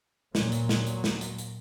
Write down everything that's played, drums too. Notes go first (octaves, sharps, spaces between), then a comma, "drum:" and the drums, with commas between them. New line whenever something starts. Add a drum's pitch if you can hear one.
A#2 F#3, drum: snare
drum: hi-hat
drum: snare
drum: hi-hat
drum: snare
drum: hi-hat
drum: hi-hat